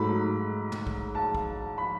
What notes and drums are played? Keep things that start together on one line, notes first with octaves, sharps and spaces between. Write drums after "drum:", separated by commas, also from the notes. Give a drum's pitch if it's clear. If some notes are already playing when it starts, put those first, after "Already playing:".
Already playing: G#2 F#3 A3 B5
drum: tom
drum: kick
A5
drum: kick
B5